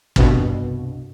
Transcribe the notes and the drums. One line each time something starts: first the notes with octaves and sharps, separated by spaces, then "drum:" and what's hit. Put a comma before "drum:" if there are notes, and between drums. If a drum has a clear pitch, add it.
C2 G2 B2, drum: kick